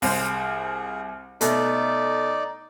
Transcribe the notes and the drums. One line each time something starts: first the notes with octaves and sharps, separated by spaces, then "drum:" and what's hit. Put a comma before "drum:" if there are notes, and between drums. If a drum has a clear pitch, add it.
C2 G#4 C5, drum: open hi-hat
B2 A3 D#4 D5, drum: hi-hat